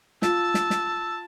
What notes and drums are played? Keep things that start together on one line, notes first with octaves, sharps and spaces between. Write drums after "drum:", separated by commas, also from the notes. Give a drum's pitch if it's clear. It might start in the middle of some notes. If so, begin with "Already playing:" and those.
F4 A5 E6, drum: snare
drum: snare
drum: snare